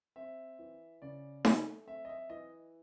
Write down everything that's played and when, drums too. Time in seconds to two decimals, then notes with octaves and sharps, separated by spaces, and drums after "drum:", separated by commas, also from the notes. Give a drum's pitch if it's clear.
0.16 C4 E5
0.59 E3
1.02 C#3 D5
1.45 A3, drum: snare D#4
1.87 C4 E5
2.05 D#5
2.09 E5
2.30 E3 D#5